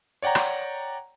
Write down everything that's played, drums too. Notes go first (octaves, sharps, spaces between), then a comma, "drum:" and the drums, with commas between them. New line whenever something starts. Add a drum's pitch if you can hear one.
C#5 D5 F#5 G5 A#5
drum: rim click